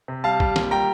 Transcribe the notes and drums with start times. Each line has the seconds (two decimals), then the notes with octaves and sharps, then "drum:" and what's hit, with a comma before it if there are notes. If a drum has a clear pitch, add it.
0.08 C3
0.24 G3 F5 A5
0.40 G3, drum: kick A#1
0.56 A#2, drum: snare
0.71 G3 G5 A#5